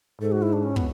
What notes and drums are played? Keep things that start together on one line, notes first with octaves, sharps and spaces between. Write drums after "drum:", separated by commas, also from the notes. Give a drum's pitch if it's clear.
G#2 A4
F#4
E4
D4
C#4
B3, drum: kick